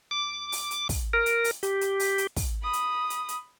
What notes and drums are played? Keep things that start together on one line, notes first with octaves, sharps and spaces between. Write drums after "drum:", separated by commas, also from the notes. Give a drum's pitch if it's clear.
D6
drum: open hi-hat
drum: hi-hat
drum: kick, open hi-hat
A#4
drum: hi-hat
drum: open hi-hat
G4, drum: hi-hat
drum: hi-hat
drum: open hi-hat
drum: hi-hat
drum: kick, open hi-hat
B5 D#6
drum: hi-hat
drum: hi-hat
drum: hi-hat